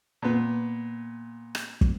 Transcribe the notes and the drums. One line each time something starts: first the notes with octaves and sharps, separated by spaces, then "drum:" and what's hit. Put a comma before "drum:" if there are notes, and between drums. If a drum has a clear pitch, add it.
A#2 B3
drum: rim click
drum: kick